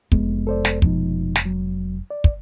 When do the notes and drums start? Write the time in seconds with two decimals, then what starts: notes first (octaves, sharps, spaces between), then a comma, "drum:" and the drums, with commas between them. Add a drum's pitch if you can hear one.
0.12 F1 G#3 B3, drum: kick
0.47 A4 C5 D5
0.65 drum: snare
0.82 B2 F3 D#4, drum: kick
1.36 drum: snare
1.45 F#3
2.11 D5
2.24 drum: kick